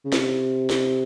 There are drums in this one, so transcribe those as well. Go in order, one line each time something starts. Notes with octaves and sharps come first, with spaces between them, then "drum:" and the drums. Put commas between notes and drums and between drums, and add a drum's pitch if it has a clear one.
C#3
C3, drum: snare
drum: snare